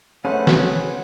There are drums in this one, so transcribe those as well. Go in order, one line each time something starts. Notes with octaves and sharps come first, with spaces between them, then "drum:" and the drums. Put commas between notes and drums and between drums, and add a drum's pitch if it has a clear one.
A3 C#4 G#4 B4 C5 F#5
drum: snare